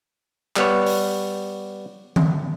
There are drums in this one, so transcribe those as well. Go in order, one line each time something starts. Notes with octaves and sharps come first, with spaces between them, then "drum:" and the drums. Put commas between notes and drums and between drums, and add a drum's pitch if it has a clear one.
G3 B3 C#5, drum: clap
drum: open hi-hat
drum: tom D#3